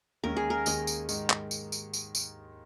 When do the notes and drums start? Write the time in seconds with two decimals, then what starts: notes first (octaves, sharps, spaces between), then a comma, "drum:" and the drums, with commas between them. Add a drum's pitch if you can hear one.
0.24 D#2 D#3 G#3 C#4 A#4
0.37 G#4
0.50 A#4
0.66 D#2 D#3 G#3 C#4 D#5, drum: tambourine
0.87 drum: tambourine
1.09 G#2 D#3 G#3 D#4, drum: tambourine
1.30 drum: clap
1.51 drum: tambourine
1.72 drum: tambourine
1.93 drum: tambourine
2.15 drum: tambourine